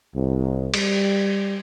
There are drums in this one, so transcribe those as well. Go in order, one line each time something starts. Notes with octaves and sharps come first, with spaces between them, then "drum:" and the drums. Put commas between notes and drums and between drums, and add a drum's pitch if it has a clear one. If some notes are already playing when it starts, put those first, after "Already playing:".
C2
G3, drum: cymbal